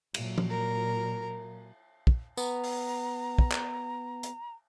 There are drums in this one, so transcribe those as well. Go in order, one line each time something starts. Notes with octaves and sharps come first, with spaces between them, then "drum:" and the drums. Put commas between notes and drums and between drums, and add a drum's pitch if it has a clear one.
A#2 F#3, drum: cymbal
drum: tom
A#4
drum: kick
B3 A#5, drum: tambourine
drum: open hi-hat
drum: kick
drum: clap
drum: hi-hat